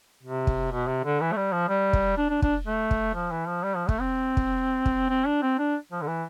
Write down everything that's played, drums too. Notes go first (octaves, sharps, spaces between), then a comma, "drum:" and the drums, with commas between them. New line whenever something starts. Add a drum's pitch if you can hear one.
C3
drum: kick
B2
C3
D3
E3
A3
G3
F3
G3
drum: kick
D4
D4
D4, drum: kick
A3
drum: kick
F3
E3
F3
G3
F3
A3, drum: kick
C4
drum: kick
drum: kick
C4
D4
C4
D4
F3
D3
E3